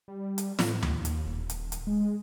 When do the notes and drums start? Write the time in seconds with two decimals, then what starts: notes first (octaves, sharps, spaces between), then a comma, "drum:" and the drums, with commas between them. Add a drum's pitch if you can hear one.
0.08 G3
0.38 drum: hi-hat
0.59 A2, drum: snare
0.82 D#2, drum: tom D2
1.05 drum: hi-hat
1.26 D#1
1.50 drum: hi-hat
1.72 drum: hi-hat
1.87 G#3